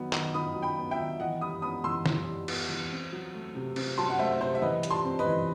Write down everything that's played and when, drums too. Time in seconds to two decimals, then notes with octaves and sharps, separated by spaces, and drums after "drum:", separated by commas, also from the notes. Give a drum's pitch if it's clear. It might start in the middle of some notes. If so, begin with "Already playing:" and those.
Already playing: D#3 F#3 B3
0.13 D#3, drum: clap
0.34 D#3 B5 D#6
0.55 F#3
0.62 G5 B5
0.77 B3
0.91 E5 G5
0.98 D#3
1.20 E3 D#5 F#5
1.41 G3 B5 D#6
1.62 B3 B5 D#6
1.84 E3 C6 E6
2.06 E3, drum: snare
2.26 G3
2.48 B3, drum: cymbal
2.69 E3
2.91 C4
3.12 F#3
3.34 A3
3.55 C3
3.76 C4, drum: cymbal
3.98 F#3 A5 C6
4.10 F#5
4.19 A3 C5 E5
4.40 C3 C5
4.55 E5
4.62 E3 B4 D#5
4.83 G3, drum: hi-hat
4.91 A5 C6
5.05 C4
5.19 B4 D#5
5.26 E3